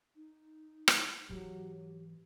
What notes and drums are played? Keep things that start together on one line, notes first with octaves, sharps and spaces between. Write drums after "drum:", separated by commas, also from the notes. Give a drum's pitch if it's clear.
D#4
drum: rim click
G#2 E3 F#3 G4